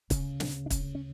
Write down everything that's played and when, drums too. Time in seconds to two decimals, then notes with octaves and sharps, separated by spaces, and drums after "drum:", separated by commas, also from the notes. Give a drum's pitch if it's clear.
0.10 D2 C#3 C#4, drum: kick, hi-hat
0.40 D4, drum: snare
0.66 D4
0.70 C#4, drum: kick, hi-hat
0.95 C#4